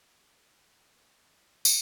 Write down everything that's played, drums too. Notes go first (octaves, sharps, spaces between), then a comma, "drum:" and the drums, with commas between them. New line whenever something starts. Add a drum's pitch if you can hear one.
D#4
D4
D4
C4
A#3
C4
A#3, drum: tambourine